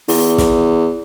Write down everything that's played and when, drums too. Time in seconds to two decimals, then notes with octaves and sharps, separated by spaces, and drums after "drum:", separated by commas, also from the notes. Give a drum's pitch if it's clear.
0.08 E2, drum: open hi-hat
0.38 drum: snare